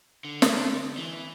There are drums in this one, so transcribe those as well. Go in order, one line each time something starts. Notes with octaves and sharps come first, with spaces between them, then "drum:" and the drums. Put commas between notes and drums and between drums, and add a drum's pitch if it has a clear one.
D3
drum: snare
E3